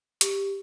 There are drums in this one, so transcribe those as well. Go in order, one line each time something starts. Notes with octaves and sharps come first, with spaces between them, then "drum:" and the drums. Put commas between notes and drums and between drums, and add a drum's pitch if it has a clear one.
G4, drum: hi-hat